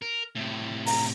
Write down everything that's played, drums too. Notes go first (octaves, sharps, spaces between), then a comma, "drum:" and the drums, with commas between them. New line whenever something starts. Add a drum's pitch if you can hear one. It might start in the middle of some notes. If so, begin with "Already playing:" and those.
A#4
A2 C3
A#5, drum: open hi-hat